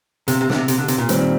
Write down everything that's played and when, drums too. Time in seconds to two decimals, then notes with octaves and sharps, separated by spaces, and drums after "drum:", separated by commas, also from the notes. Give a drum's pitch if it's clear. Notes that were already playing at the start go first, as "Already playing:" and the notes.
0.28 C3, drum: hi-hat
0.41 C3
0.50 D3, drum: snare
0.55 C3
0.68 C3, drum: hi-hat
0.78 D3
0.88 C3, drum: hi-hat
0.98 A#2
1.09 D#3 G3 C4, drum: hi-hat